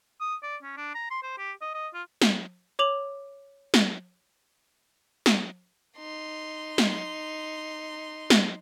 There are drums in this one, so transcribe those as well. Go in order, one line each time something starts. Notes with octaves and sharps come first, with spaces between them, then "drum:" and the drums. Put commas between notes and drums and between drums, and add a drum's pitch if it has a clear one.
D#6
D5
C#4
D4
A#5
C6
C5
G4
D#5
D#5
F4
drum: snare
C#5 D6 F7 F#7
drum: snare
drum: snare
D#4 C6
drum: snare
drum: snare